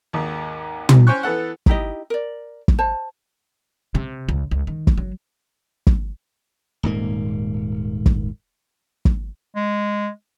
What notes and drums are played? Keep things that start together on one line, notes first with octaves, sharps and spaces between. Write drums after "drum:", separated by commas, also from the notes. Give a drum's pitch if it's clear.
G#1 D#2
drum: tom
C#4 C5 G5 C#6 F#6
E3 B3 A4 F#5
D#4 E4 G4 D#5, drum: kick
A#4 D5
drum: kick
C5 A5
C3
C#2
C#2
D#3
drum: kick
F#3
drum: kick
D#1 G#2 A#3
drum: kick
drum: kick
G#3